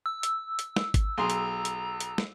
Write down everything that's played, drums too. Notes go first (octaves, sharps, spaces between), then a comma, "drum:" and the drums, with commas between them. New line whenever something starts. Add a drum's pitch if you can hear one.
E6
drum: hi-hat
drum: hi-hat
drum: snare
drum: kick G#1, hi-hat
B1 G#4 A#5 C6
drum: hi-hat
drum: hi-hat
drum: hi-hat
drum: snare